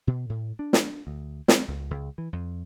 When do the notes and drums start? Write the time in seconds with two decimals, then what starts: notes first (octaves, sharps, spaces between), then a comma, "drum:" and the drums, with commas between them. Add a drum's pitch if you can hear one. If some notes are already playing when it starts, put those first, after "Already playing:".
0.07 B2
0.30 A2
0.59 D4
0.73 drum: snare
1.07 D2
1.48 C4, drum: snare
1.68 C#2
1.91 C#2
2.18 E3
2.33 F2